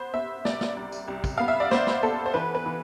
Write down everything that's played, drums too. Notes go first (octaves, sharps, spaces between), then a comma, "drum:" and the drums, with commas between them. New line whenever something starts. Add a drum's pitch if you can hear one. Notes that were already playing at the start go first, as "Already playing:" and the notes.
Already playing: B3 C5
B3 E5
C2 D5, drum: snare
drum: snare
C2
drum: tambourine
C2
drum: kick, tambourine
B3 F5
E5
D5
B3 C5, drum: snare
drum: snare
B3 A4
C5
E3 B4
B4
E3